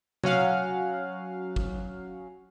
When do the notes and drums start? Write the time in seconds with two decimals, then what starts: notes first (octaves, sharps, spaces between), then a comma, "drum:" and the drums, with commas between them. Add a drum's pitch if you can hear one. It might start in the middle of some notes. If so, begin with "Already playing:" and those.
0.24 F#3 C#4 F5 F#5, drum: tom C3
1.56 drum: kick